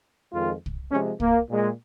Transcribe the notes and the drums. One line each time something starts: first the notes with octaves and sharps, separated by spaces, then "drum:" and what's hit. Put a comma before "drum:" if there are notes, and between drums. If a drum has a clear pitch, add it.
F2 D#3 G#3 F4
drum: kick
C3 F3 G#3 C#4
A#3, drum: kick
A#2 G#3